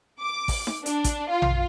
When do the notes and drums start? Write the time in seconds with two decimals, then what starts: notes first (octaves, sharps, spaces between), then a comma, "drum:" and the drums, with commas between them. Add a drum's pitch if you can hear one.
0.21 D6
0.48 drum: kick, open hi-hat
0.67 drum: snare D#4
0.86 D4, drum: hi-hat
1.04 drum: kick, hi-hat
1.30 F4
1.42 drum: tom A#1